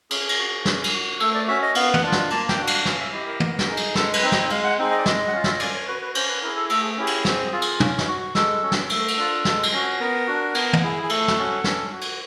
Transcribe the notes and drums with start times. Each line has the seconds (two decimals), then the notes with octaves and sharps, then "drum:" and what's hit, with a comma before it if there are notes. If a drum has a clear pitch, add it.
0.11 C#4 G#4, drum: cymbal
0.29 drum: cymbal
0.38 F#4
0.65 C#4, drum: snare
0.84 drum: cymbal
0.93 F#4
1.20 A3 A4, drum: cymbal
1.34 D5
1.48 C#4 F#4 E5
1.62 D#5
1.75 B3 F5, drum: cymbal
1.94 F#5, drum: tom
2.03 D4 F4
2.12 drum: snare
2.30 A#3 A5, drum: cymbal
2.49 G5, drum: snare
2.58 D4 F#4
2.67 F5, drum: cymbal
2.85 C#4 F5, drum: snare
2.99 E5
3.12 E4 G4 D#5
3.26 A#4
3.40 B3, drum: tom
3.59 drum: snare
3.68 D#4 G#4
3.77 drum: cymbal
3.95 G#3 A4, drum: snare
4.13 B4, drum: cymbal
4.23 C4 D#4
4.32 D#5, drum: snare
4.50 G#3 F5, drum: cymbal
4.64 F#5
4.78 C4 D#4 G#4
4.91 D#5
4.98 D5
5.06 G#3 D#5, drum: snare
5.28 F#5
5.32 C#4 F4 F5
5.44 E5, drum: snare
5.51 D#5
5.60 C#4 D5, drum: cymbal
5.73 C#5
5.87 F#4 B4
6.01 B4
6.15 C#4 C5, drum: cymbal
6.29 B4
6.42 E4 G#4 A#4
6.56 A4
6.70 A3 A4, drum: cymbal
6.81 G#4
6.97 C#4 E4 G4 G#4
7.07 drum: cymbal
7.25 C4, drum: snare
7.52 F4 G#4
7.62 drum: cymbal
7.80 C#4, drum: tom
7.98 drum: snare
8.08 F#4
8.35 G#3 A4, drum: snare
8.62 C#4 F#4
8.72 drum: snare
8.89 A3 A4, drum: cymbal
9.08 drum: cymbal
9.18 D4 F4
9.45 G#3, drum: snare
9.63 drum: cymbal
9.73 C#4 F#4
10.00 B3 A#4
10.27 D4 F#4
10.54 B3, drum: cymbal
10.73 drum: tom
10.83 E4 G#4
11.03 G#4
11.09 A3 A4, drum: cymbal
11.28 drum: snare
11.38 C#4 F#4
11.64 C#4, drum: snare
11.92 F#4
12.01 drum: cymbal